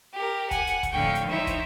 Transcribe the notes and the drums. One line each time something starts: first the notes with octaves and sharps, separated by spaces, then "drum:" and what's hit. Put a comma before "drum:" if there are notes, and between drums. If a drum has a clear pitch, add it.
G4 A#4
F#5 G#5, drum: kick, hi-hat
drum: hi-hat
drum: kick, hi-hat
F2 A2 D3 F5 G5 C#6
drum: hi-hat
D#4 E4 C5 C#5 E5
drum: kick, hi-hat